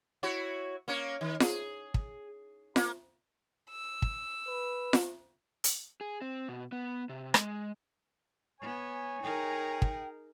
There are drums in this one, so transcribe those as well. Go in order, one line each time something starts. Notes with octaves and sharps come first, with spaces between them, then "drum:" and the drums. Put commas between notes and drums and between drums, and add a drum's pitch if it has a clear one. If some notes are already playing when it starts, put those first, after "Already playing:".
E4 F#4 C#5
A#3 C#4 C#5
D#3
G#4, drum: snare F4
drum: kick
A#3, drum: snare F4
E6
drum: kick
B4
drum: snare F4
drum: hi-hat
G#4
C4
B2
B3
C3
G#3, drum: rim click
B3 C#5 G#5
D#4 G#4 A#4 G5
drum: kick